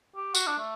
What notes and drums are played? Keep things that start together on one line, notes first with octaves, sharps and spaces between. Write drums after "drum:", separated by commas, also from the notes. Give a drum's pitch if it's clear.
G4
F#4, drum: tambourine
D4
A3